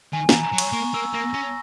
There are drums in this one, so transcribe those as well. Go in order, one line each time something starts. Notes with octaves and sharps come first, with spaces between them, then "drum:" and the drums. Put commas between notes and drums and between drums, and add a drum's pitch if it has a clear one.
D#3 G#5
E3 A#5, drum: snare
A#5
F#3
C#6, drum: cymbal
A#3 C#6
A#3 E6
A#3 A#6
C#4 A#6